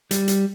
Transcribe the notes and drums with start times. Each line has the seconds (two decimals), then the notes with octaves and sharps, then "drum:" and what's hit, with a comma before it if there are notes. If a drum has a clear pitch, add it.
0.11 G3, drum: hi-hat
0.28 drum: hi-hat